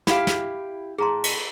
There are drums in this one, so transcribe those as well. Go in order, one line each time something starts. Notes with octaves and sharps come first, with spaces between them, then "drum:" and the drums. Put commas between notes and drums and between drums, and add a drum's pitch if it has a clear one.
E4 G4 F5 B5, drum: snare
drum: snare
A2 G#4 A#5 C6
drum: cymbal